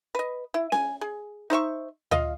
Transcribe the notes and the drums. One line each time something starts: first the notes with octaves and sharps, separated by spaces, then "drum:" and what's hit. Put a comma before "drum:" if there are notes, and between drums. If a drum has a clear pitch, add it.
B4 D#5
E4
G#5, drum: snare C#4
G#4
D#4 C5 E5 C#6
F4 D#5 F5, drum: tom D2